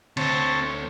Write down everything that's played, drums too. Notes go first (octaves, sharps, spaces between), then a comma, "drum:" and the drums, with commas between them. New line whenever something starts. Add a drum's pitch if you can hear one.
D2 C4 C#5 A5, drum: cymbal